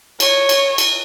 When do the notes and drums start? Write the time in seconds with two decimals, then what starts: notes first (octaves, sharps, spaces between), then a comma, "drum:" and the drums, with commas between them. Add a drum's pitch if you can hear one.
0.20 C#5, drum: cymbal
0.49 drum: cymbal
0.78 drum: cymbal